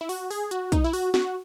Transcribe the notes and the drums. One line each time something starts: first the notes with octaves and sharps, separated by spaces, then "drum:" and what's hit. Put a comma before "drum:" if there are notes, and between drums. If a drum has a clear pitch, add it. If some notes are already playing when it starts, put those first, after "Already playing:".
E4
F#4, drum: open hi-hat
G#4, drum: open hi-hat
F#4, drum: hi-hat
D#4, drum: kick, hi-hat
E4
F#4, drum: open hi-hat
F#4, drum: snare